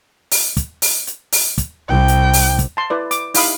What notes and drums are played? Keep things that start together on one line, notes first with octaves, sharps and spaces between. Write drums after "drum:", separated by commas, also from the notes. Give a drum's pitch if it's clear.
drum: open hi-hat
drum: kick, hi-hat
drum: open hi-hat
drum: hi-hat
drum: open hi-hat
drum: kick, hi-hat
C2 G5
drum: hi-hat
drum: open hi-hat
drum: kick, hi-hat
A5 C6
E4 B4 D5
D6, drum: hi-hat
D#4 E4 G4 F5 B5 D#6, drum: open hi-hat